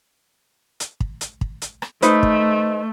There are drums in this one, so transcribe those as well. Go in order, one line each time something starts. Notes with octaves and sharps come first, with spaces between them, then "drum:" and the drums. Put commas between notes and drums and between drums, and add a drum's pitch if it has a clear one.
drum: hi-hat
drum: kick
drum: hi-hat
drum: kick
drum: hi-hat
drum: rim click
A3 D#4 B4 C5, drum: hi-hat
drum: kick